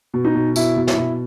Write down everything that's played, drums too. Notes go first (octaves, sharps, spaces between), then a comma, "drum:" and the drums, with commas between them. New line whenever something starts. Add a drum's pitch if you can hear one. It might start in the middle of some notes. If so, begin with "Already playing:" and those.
B2
D#4
B2
B2 E4, drum: tambourine
B2
E4, drum: snare
B2